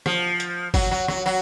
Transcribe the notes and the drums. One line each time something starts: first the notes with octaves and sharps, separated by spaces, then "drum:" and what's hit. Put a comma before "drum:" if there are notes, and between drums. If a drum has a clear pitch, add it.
F3, drum: rim click
drum: hi-hat
F#3, drum: kick, open hi-hat
F#3
F#3, drum: rim click
F#3